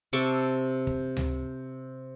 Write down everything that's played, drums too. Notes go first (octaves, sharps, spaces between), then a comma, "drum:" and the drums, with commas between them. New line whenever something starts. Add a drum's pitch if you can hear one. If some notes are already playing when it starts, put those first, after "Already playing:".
C3 A4 C#6 D6
drum: kick
drum: tom C#2